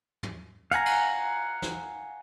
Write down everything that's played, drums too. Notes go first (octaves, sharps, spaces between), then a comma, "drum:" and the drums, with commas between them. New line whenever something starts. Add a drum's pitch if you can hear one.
drum: tom
F5 F#5 G#5 A#5, drum: hi-hat
drum: cymbal
drum: snare